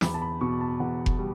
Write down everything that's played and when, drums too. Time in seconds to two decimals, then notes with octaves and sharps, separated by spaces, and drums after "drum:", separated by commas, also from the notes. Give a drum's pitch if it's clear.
0.01 E2 B5, drum: snare
0.14 A5
0.22 B5
0.41 B2 C#6
0.61 A5
0.80 E2 F#5
1.06 drum: kick F1
1.19 G3